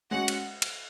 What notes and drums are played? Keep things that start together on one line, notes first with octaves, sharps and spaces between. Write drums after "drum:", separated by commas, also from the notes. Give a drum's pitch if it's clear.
G#3 C#4 F#4 F#5
drum: cymbal
drum: cymbal